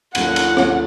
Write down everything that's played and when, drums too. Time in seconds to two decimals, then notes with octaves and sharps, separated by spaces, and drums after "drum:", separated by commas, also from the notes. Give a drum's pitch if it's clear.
0.15 D#2 C#3 F#3 A3 F#5, drum: cymbal
0.36 drum: cymbal
0.57 D#2 C#3 F#3 A3, drum: rim click